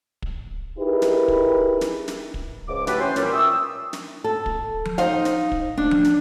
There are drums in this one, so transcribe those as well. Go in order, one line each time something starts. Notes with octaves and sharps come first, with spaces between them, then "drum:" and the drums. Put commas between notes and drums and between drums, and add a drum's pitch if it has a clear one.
drum: kick
D#4 E4 G4 G#4 A#4 B4
drum: snare
drum: kick
drum: snare
drum: snare
drum: kick
C#2 G#2 D6
E3 A3 F#4 G4 A4 B4, drum: snare
E3 C#4 C5
A#2 G3, drum: snare
E5 G5 C#6 D#6 E6
drum: snare
A4
drum: kick
drum: tom F3
D#4 C5 F5, drum: snare
drum: snare
drum: kick
D4
drum: tom F3
drum: snare